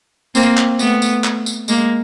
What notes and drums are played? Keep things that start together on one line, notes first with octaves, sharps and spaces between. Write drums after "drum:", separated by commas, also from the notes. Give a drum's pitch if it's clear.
A#3 C4, drum: tambourine
drum: clap
A3 B3, drum: tambourine
drum: tambourine
drum: clap
drum: tambourine
G#3 A#3, drum: tambourine